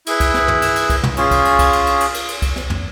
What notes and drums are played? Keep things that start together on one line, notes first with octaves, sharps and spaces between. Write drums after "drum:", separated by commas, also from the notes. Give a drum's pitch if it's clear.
E4 G#4 B4, drum: cymbal
drum: kick C2, cymbal
drum: snare
drum: tom
drum: cymbal
drum: cymbal
drum: kick C2, cymbal
drum: tom
C#4 F4 G#4, drum: cymbal
drum: kick C2, cymbal
drum: cymbal
drum: kick C2, cymbal
drum: cymbal
drum: cymbal
drum: cymbal
drum: cymbal
drum: cymbal
drum: kick C2, cymbal
drum: snare
drum: tom